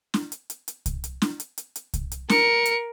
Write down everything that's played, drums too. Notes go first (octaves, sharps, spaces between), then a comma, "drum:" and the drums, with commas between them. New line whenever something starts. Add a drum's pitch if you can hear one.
drum: snare
drum: hi-hat
drum: hi-hat
drum: hi-hat
drum: kick C2, hi-hat
drum: hi-hat
drum: snare
drum: hi-hat
drum: hi-hat
drum: hi-hat
drum: kick C2, hi-hat
drum: hi-hat
A#4 C#7, drum: snare
drum: hi-hat